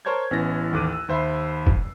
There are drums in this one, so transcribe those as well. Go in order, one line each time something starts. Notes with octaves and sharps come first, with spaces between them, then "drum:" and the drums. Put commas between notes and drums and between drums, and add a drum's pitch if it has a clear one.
A#4 C5 C#5 A5 G6 G#6
A1 B3 C#4 E4 A6 A#6
A1 D#2 A4 D6 F#6 D#7
E6
D#2 C5 E5 B5 C7
drum: kick